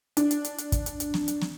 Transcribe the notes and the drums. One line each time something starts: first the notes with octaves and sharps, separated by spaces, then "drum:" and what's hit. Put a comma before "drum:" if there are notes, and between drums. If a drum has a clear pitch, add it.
D4, drum: hi-hat
drum: hi-hat
drum: hi-hat
drum: hi-hat
drum: kick, hi-hat
drum: hi-hat
drum: hi-hat
drum: snare
drum: hi-hat
drum: snare